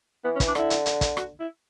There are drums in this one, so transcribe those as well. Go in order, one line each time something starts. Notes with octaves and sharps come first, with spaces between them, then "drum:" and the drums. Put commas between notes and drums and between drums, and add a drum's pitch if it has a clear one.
E3 B3
C#4
E3, drum: kick, hi-hat
D4
D3 E4, drum: rim click
drum: hi-hat
drum: hi-hat
drum: kick, hi-hat
F#4, drum: rim click
E4